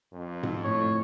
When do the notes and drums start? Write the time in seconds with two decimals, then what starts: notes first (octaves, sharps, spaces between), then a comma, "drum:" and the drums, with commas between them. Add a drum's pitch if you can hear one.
0.13 F2
0.43 drum: tom G#2
0.64 A2 C#5